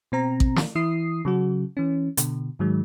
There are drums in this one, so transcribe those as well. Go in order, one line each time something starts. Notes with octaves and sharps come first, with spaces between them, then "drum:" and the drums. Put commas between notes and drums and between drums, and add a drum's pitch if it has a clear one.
B2 C4 A#5
drum: kick A1
drum: snare
E3 E4 D#6 C7
C#3 F#3 F#4
E3 C#4
B2 D3, drum: hi-hat
G#2 D#3 F#3 G#3